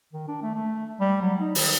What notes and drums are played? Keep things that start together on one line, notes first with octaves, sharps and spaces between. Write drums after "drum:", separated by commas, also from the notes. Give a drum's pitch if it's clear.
D#3
D4
A3
A3
G3
F#3
D#4
D#3, drum: open hi-hat